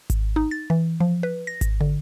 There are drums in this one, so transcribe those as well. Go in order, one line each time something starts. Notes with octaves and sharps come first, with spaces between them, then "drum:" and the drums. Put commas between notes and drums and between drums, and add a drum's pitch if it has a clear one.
drum: kick G#1, hi-hat
D#4
A6
E3
F3
B4
A#6
drum: kick G#1, hi-hat
D3